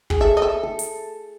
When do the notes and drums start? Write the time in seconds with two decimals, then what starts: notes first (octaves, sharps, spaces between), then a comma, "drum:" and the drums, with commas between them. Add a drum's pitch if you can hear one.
0.10 G#4, drum: kick
0.20 A4 E5
0.37 D#5
0.42 E5
0.63 A4
0.79 drum: hi-hat